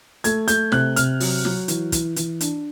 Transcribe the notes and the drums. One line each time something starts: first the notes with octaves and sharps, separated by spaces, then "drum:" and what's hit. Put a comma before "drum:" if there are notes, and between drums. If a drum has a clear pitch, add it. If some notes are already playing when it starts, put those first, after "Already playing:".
A3 G#6, drum: hi-hat
A3 G6, drum: hi-hat
C3 F#6, drum: snare
C3 F6, drum: hi-hat
F#3, drum: open hi-hat
F#3, drum: snare
E3, drum: hi-hat
E3, drum: kick, hi-hat
E3, drum: hi-hat
D4, drum: hi-hat